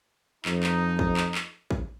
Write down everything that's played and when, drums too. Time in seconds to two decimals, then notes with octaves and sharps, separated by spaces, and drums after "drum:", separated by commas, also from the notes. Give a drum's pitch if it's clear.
0.45 F2 D#4, drum: clap
0.63 drum: clap
0.99 drum: kick
1.17 drum: clap
1.35 drum: clap
1.70 drum: kick